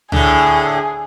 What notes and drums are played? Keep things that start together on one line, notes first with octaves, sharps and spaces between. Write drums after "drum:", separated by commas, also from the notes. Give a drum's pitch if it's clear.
A2 D3 G#4, drum: tom C#2